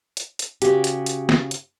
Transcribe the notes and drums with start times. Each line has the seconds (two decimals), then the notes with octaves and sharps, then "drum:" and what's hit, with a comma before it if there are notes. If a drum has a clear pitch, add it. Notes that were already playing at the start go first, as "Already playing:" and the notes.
0.17 drum: hi-hat
0.39 drum: hi-hat
0.62 C#3 F#4 G4, drum: hi-hat
0.84 drum: hi-hat
1.06 drum: hi-hat
1.29 drum: snare
1.51 drum: hi-hat